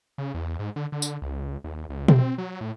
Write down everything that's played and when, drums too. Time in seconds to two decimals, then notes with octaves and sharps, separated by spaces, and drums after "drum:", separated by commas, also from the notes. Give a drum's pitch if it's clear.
0.18 C#3
0.34 E2
0.59 G#2
0.76 D3
0.92 D3
1.02 drum: tambourine
1.22 C#2
1.64 D#2
1.89 C#2
2.08 C4, drum: tom B2
2.38 F#3
2.61 A2